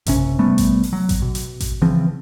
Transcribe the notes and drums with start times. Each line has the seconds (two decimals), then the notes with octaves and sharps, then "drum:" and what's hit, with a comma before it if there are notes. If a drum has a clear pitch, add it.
0.06 F#1 C3 C#4, drum: kick A1, hi-hat
0.39 C3 G3 A3 B3
0.58 drum: kick A1, hi-hat
0.83 drum: open hi-hat
0.93 F#3
1.09 drum: kick A1, hi-hat
1.22 B2
1.35 drum: hi-hat
1.60 drum: kick A1, hi-hat
1.82 C#3 E3 F3 C4